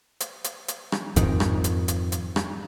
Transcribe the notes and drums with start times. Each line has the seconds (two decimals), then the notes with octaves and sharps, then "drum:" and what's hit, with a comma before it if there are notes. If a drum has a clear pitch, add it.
0.20 drum: hi-hat
0.44 drum: hi-hat
0.68 drum: hi-hat
0.92 drum: rim click
1.16 F2 G#2 D#3, drum: kick D1, hi-hat
1.40 drum: rim click
1.64 drum: hi-hat
1.88 drum: hi-hat
2.12 drum: hi-hat
2.36 drum: rim click